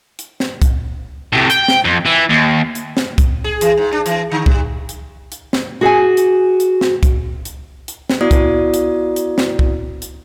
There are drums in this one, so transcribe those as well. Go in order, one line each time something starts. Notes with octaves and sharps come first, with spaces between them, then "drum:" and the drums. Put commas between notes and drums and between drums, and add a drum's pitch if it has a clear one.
drum: hi-hat
drum: snare
drum: kick, hi-hat
A2 C3
G5, drum: hi-hat
drum: snare
F2
E3
D#2
drum: hi-hat
drum: snare
drum: kick, hi-hat
G#4
E3, drum: hi-hat
G#2
D4
E3, drum: hi-hat
D3
G3, drum: kick
drum: hi-hat
drum: hi-hat
drum: snare
F#4 G#4 F#5 G#5
drum: hi-hat
drum: hi-hat
drum: snare
drum: kick, hi-hat
drum: hi-hat
drum: hi-hat
drum: snare
B3 E4 F#4 D5 D#6
drum: kick, hi-hat
drum: hi-hat
drum: hi-hat
drum: snare
drum: kick
drum: hi-hat